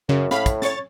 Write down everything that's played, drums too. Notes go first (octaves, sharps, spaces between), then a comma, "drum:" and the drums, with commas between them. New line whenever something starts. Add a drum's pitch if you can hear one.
F#2 C#3
A2 F5 B5, drum: snare
drum: kick, hi-hat
C#5 C#6 A6, drum: snare